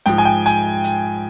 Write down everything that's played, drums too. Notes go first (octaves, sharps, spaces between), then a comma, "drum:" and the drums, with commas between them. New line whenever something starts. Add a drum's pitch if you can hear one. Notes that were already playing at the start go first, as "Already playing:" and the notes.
G#2 F3 G5, drum: hi-hat
G#5
G5
G#5, drum: hi-hat
drum: hi-hat